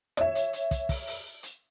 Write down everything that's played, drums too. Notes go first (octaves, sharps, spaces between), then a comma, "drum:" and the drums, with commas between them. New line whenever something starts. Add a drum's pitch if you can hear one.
C#5 E5, drum: rim click
drum: hi-hat
drum: hi-hat
drum: kick, hi-hat
drum: kick, open hi-hat
drum: open hi-hat
drum: hi-hat